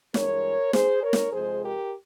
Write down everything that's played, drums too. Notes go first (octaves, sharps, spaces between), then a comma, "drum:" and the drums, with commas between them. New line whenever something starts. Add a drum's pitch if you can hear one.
G2 E3 G#3 A#4 C#5, drum: snare
G#4 C5, drum: snare
A#4 C#5
drum: snare
F2 C3 F3 G#3 G#4 C5
G4 A#4